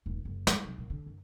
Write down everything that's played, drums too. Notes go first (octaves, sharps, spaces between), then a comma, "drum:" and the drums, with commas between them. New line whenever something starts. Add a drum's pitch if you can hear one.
D#1
F#1
G3, drum: snare
B1
A#2
D3
F#2